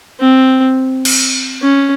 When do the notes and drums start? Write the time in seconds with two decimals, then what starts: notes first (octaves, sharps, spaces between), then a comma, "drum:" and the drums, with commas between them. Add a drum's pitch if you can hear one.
0.20 C4
1.05 drum: cymbal
1.62 C#4